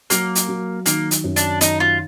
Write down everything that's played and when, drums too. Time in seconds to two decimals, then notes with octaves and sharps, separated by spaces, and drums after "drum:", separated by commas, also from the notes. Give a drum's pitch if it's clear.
0.10 F#3 A#3, drum: hi-hat
0.35 drum: hi-hat
0.48 F#3
0.86 D#3 A#3, drum: hi-hat
1.11 drum: hi-hat
1.24 F#2
1.36 D4, drum: hi-hat
1.61 D#3 D#4, drum: hi-hat
1.80 F4